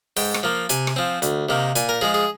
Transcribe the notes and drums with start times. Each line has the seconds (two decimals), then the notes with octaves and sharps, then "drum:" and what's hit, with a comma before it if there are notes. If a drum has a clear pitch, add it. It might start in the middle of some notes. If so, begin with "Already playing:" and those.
0.17 G#2 G5, drum: open hi-hat
0.34 drum: rim click
0.43 F3 A#3
0.69 C3 G#5, drum: hi-hat
0.87 drum: rim click
0.96 F3 C4
1.22 D2, drum: hi-hat
1.49 C3 D#3 A#3
1.76 A#2 G#5, drum: hi-hat
1.89 A#4
2.01 F3 G#3 G#4
2.14 G#4